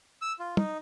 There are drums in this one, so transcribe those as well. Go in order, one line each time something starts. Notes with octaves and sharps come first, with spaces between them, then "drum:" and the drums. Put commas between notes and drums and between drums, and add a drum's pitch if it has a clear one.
E6
F4
D#4, drum: tom